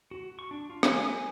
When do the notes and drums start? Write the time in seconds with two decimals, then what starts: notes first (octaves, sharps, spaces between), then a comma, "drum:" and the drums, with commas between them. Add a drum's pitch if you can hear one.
0.11 F#4
0.39 C#6
0.51 D4
0.70 F4
0.83 G#5, drum: rim click
1.03 G#5